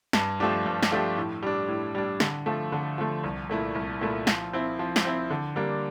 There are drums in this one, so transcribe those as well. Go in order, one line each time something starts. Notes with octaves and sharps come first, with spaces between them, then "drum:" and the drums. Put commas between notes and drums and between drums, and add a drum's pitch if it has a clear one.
G2, drum: snare
F3 A3 D4 G4
G2
drum: snare
F3 A3 D4 G4
A2
G3 D4
A2
G3 D4
D3, drum: snare
F3 A3
D3
F3 A3
C2
A#2 A3 E4
C2
A#2 A3 E4
F3, drum: snare
C4 E4
F3
drum: snare
C4 E4
D3
G3 A#3 D4